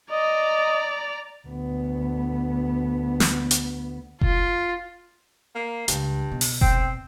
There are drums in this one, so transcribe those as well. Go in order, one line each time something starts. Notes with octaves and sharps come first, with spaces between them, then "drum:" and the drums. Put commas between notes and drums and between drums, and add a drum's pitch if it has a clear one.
D5 D#5 A#5
D2 B3
drum: snare
drum: hi-hat
F4, drum: kick F1
A#3
C#2 G2, drum: hi-hat
B2
drum: open hi-hat
C4, drum: kick F1